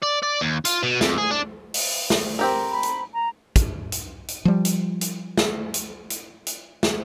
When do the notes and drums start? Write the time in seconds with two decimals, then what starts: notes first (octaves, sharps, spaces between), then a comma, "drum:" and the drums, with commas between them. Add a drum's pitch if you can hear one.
0.02 D5
0.23 D5
0.41 D#2
0.65 F4, drum: hi-hat
0.83 B2
1.01 F2, drum: snare
1.18 G#4
1.31 D4
1.74 drum: open hi-hat
2.10 drum: snare
2.39 C4 G4 A#4
2.70 B5
2.83 drum: hi-hat
3.13 A#5
3.56 drum: kick, hi-hat
3.92 drum: hi-hat
4.28 drum: hi-hat
4.45 F3 G3
4.65 drum: hi-hat
5.01 drum: hi-hat
5.38 drum: snare
5.74 drum: hi-hat
6.10 drum: hi-hat
6.47 drum: hi-hat
6.83 drum: snare